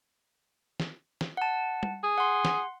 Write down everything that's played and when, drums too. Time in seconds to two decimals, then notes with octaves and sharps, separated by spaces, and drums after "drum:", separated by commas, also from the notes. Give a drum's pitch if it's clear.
0.80 drum: snare
1.21 drum: snare
1.37 F#5 A5
1.83 drum: tom
2.03 G#4
2.18 F#5 C6
2.45 drum: snare